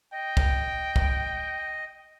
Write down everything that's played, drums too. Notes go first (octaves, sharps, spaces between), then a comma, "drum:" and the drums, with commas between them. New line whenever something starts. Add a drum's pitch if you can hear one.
D#5 G5
drum: kick
drum: kick